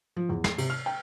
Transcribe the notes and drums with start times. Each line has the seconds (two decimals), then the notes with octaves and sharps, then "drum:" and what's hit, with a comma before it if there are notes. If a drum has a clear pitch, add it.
0.17 F3
0.29 E2
0.44 C7, drum: snare
0.58 C3, drum: cymbal
0.70 F6
0.86 G5